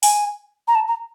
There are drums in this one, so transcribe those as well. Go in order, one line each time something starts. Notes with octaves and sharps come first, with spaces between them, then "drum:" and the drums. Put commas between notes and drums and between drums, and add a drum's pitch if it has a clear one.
G#5, drum: open hi-hat
A#5
A5
A#5